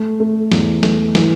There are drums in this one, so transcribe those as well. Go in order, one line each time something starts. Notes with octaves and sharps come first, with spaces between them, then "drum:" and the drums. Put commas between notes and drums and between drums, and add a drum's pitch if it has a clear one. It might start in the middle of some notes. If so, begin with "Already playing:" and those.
Already playing: A3
A3
E2, drum: snare
A3, drum: snare
E3, drum: snare